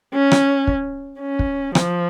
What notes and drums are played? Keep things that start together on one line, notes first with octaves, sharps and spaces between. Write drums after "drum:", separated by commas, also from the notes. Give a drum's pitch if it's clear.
C#4
drum: rim click
drum: kick
C#4
drum: kick
F3, drum: rim click